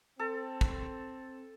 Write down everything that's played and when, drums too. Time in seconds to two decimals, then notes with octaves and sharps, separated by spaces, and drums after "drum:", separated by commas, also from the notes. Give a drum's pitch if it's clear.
0.19 C4 A4
0.61 drum: kick